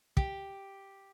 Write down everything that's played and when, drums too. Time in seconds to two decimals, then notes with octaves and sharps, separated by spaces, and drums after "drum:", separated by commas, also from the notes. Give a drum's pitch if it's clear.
0.17 G4, drum: kick